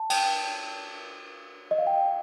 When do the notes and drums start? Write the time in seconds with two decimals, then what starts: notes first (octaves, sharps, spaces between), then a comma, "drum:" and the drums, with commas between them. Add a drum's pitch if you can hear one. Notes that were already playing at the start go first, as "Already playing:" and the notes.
Already playing: A5
0.10 G5, drum: cymbal
1.71 D#5
1.78 F5
1.87 G5